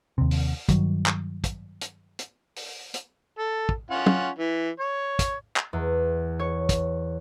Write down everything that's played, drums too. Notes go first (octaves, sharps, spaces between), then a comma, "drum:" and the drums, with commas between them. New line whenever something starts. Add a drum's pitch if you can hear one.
D#2 C3
drum: open hi-hat
G2 D#3 F#3, drum: kick, hi-hat
drum: clap
drum: kick, hi-hat
drum: hi-hat
drum: hi-hat
drum: open hi-hat
drum: hi-hat
A4
drum: kick
C#4 F4 F#5
drum: tom
E3
C#5
drum: kick, hi-hat
drum: clap
E2
C#5
drum: kick, hi-hat